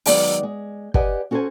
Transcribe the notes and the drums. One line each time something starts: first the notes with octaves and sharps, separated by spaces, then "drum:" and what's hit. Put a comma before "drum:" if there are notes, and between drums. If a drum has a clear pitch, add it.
D#3 F#3 G#3 B3 D#4 D5, drum: open hi-hat
G#3
G4 B4 D5 D#5 F#5 G#5, drum: kick
C#4 F#4 A4 A#4 C5 G#5